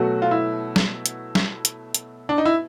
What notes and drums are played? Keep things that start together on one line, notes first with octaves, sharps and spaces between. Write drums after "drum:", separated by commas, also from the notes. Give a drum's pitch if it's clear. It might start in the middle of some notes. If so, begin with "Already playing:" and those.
Already playing: B2 F#3 A3 F#4
F4
E4
drum: snare
drum: hi-hat
drum: snare
drum: hi-hat
drum: hi-hat
D4
D#4
E4